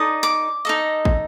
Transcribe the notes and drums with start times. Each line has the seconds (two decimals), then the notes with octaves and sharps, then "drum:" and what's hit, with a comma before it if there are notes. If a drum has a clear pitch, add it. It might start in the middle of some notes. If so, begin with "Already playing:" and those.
Already playing: D#4 A4 D5 D#6
0.23 D6
0.65 D#4 A4 D#5
1.05 drum: kick